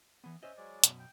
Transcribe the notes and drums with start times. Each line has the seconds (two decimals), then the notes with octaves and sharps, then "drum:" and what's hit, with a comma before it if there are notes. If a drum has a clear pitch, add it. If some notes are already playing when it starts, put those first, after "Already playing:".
0.24 E3 B3
0.43 C#4 C5 D#5 E5
0.57 F#3 G#3 D5
0.84 F#2 B2, drum: hi-hat
0.99 G5